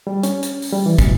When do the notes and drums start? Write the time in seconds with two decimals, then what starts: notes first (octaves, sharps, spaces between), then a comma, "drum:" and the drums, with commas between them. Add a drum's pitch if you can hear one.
0.07 G3
0.23 C#4, drum: hi-hat
0.43 drum: hi-hat
0.62 drum: open hi-hat
0.72 G3
0.86 E3
0.98 B2, drum: kick, hi-hat